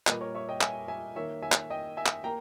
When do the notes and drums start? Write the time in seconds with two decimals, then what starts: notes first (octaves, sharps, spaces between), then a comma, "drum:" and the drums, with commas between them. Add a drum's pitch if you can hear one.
0.07 A#2 G3 A#3 B4 D#5, drum: clap
0.21 A#4 C#5
0.35 C#5 E5
0.49 D#5 G5
0.61 E5 G#5, drum: clap
0.88 E5 G#5
1.16 D#3 A#3 C#5 E5
1.42 E5 G#5
1.52 drum: clap
1.70 D#5 G5
1.97 E5 G#5
2.06 drum: clap
2.24 A#3 G5 A#5